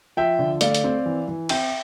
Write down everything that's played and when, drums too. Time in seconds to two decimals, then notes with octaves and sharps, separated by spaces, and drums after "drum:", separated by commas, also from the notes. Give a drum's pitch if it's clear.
0.17 F3 E5 G5
0.39 D3
0.61 A3 D5 F5, drum: hi-hat
0.74 drum: hi-hat
0.84 C4
1.06 E3
1.28 E3
1.49 C4 E5 G5, drum: cymbal